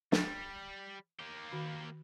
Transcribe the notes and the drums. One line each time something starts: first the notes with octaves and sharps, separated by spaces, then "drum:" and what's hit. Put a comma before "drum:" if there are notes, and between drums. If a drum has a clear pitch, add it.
G3, drum: snare
A#3 G4
D#3 F#4 B5